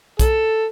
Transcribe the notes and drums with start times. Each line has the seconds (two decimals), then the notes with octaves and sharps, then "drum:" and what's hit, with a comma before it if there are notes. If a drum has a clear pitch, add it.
0.19 A4, drum: kick, hi-hat